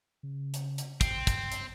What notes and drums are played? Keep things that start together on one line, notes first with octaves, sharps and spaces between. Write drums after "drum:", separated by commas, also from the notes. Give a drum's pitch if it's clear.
C#3
drum: hi-hat
drum: hi-hat
A1 C4, drum: kick, hi-hat
G2, drum: kick, hi-hat
drum: hi-hat